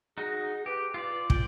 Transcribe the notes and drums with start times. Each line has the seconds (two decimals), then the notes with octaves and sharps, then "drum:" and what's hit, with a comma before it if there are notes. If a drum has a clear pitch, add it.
0.18 D#4 F#4 G#4
0.66 G4 B4
0.94 F4 D5
1.30 F4 D5 G5, drum: kick